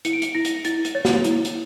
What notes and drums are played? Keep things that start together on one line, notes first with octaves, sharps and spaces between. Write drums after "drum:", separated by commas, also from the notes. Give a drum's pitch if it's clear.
E4 C#7, drum: hi-hat
D7
C#7, drum: hi-hat
E4 A#6
drum: hi-hat
E4 A6, drum: hi-hat
drum: hi-hat
C#5 A6
drum: snare
E4, drum: hi-hat
drum: hi-hat